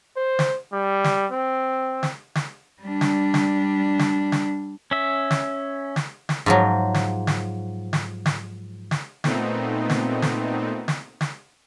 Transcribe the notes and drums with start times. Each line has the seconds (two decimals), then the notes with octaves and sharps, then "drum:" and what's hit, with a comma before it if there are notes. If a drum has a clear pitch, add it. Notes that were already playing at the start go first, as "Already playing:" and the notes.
0.17 C5
0.39 drum: snare
0.73 G3
1.04 drum: snare
1.32 C4
2.03 drum: snare
2.35 drum: snare
2.82 G3 D4
3.01 drum: snare
3.34 drum: snare
3.99 drum: snare
4.32 drum: snare
4.91 C#4 E5
5.30 drum: snare
5.96 drum: snare
6.29 drum: snare
6.46 G#2 F3 F#3
6.94 drum: snare
7.27 drum: snare
7.93 drum: snare
8.26 drum: snare
8.91 drum: snare
9.24 A#2 A3 B3 C4 D#4, drum: snare
9.89 drum: snare
10.22 drum: snare
10.88 drum: snare
11.21 drum: snare